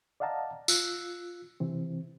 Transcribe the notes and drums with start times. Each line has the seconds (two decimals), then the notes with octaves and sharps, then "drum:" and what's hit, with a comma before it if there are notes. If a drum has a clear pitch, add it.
0.20 D5 D#5 F5 F#5 A5 A#5
0.68 F4 E6 F#6, drum: tambourine
1.60 C3 E3 C4